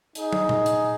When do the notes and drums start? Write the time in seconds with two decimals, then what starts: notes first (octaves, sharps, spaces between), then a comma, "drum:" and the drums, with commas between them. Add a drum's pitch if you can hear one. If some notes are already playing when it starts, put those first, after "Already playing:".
0.15 D#4 G#4 D#5, drum: hi-hat
0.33 drum: tom
0.49 drum: tom A#2
0.66 drum: hi-hat